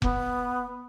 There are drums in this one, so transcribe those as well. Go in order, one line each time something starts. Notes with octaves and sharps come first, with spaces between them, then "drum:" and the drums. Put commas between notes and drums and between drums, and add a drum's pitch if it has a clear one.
B3, drum: kick F1